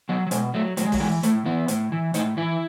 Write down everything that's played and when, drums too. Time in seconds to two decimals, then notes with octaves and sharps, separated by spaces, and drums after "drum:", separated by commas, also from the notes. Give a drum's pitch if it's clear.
0.09 F#3 B3
0.27 F#3
0.31 B2 G#3, drum: hi-hat
0.54 F#3 A3
0.77 A2 F#3, drum: hi-hat
0.85 G#3
0.92 F#3, drum: kick, open hi-hat
1.00 E3 G#3
1.23 A2 A3, drum: hi-hat
1.45 E3 B3
1.68 A2, drum: hi-hat
1.92 E3
2.14 A2 D#4, drum: hi-hat
2.37 E3 E4